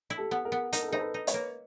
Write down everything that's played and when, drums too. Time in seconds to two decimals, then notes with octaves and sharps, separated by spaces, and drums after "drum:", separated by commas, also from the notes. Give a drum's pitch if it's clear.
0.10 E4
0.17 G4 A4
0.31 B3
0.45 G#4 A#4
0.52 B3
0.73 D#4 A#4, drum: hi-hat
0.81 A4
0.88 G#4 A#4
0.92 D#4 C5
0.99 A4 B4
1.14 D#4
1.27 B4 C#5, drum: hi-hat
1.34 A#3